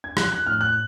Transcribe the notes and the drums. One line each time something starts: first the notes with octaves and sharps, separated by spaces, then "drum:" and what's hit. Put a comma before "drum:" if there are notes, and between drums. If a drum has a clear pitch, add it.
G#6
F3 F#6, drum: rim click
F#6
A2 F6
F#6